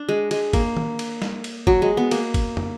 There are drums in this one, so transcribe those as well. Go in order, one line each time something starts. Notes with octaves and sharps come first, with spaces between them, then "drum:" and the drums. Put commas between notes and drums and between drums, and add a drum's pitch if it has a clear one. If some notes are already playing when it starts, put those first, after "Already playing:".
Already playing: D4
G#3
G#3, drum: cymbal
A#3, drum: kick G1, cymbal
drum: tom D#3
drum: cymbal
drum: snare
drum: cymbal
F#3, drum: kick G1
G#3
B3
A#3, drum: cymbal
drum: kick G1, cymbal
drum: tom